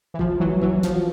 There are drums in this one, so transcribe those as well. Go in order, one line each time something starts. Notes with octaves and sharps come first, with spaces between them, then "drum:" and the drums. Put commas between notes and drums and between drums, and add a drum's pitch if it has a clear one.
E3
F3, drum: kick
E3 F#3
E3 F#3, drum: kick
F3, drum: snare